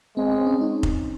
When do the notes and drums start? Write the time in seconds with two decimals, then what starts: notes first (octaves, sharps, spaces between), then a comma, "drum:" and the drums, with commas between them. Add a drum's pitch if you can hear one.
0.17 G#3 C4
0.31 C4
0.46 C#4
0.61 D#4
0.83 drum: kick F1